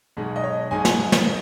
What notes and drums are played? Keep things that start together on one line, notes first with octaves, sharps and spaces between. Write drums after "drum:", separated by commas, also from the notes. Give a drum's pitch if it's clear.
B1 B2 G#3 D#4
D#5
C#5
B1 B2 G#3 D#4 G#5
drum: snare
drum: snare